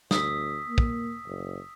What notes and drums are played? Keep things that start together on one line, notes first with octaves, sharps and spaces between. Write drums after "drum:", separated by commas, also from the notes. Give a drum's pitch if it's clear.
D2 D#6 E6 B6, drum: snare
A#3
drum: kick
F#1